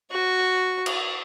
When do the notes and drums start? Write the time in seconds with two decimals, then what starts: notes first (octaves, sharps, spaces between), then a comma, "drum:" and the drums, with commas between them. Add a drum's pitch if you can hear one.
0.11 F#4 C#6
0.86 drum: cymbal